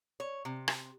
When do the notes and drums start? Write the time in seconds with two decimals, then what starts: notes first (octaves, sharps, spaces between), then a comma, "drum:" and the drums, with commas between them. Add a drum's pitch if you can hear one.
0.20 C#5
0.45 C3
0.68 drum: rim click